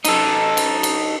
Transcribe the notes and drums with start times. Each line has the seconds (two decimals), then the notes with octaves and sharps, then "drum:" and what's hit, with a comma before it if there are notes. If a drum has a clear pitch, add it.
0.05 D#4 A4, drum: cymbal
0.57 drum: cymbal
0.83 drum: cymbal